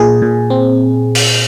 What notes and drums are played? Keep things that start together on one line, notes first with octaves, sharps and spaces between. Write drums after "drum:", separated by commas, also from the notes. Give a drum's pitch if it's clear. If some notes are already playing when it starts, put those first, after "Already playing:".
Already playing: A#2 G#4
A#2
C4
drum: open hi-hat